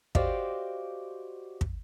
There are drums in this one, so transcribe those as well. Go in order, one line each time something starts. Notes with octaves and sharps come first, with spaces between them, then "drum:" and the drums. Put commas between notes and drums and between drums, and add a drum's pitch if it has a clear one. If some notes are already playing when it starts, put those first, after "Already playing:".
F#4 G4 C5 D5 D#5 F5, drum: kick
drum: kick